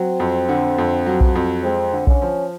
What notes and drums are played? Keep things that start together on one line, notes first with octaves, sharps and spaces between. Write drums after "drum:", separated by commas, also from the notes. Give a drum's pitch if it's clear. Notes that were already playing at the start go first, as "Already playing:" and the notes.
Already playing: F#3 C4
F2
D3
F2
F#3
drum: kick B1
F2
G#3 C4
D3
C#4, drum: kick B1
F3